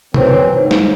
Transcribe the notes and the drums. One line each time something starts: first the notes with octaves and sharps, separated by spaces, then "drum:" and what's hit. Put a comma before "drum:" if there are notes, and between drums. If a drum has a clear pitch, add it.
E3 F#3 C4, drum: tom C3
G#2
drum: snare